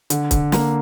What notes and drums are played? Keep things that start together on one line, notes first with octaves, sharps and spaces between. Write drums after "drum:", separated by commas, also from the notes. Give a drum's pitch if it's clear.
D3, drum: hi-hat
D3, drum: kick C#1, hi-hat
A#3, drum: snare